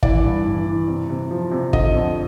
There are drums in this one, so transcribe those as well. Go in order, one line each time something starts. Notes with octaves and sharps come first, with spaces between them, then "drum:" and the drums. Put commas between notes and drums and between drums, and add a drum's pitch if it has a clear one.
E3 D5, drum: kick
G2
E3
E3
C3
C3
F3
C3
D3 D#5, drum: kick
F2